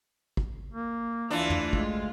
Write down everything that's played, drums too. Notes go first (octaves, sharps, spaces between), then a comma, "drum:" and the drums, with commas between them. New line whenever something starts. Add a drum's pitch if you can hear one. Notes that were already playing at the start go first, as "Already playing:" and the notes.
drum: kick
A#3
D2 E3 D4 F4
drum: tom
G#3, drum: kick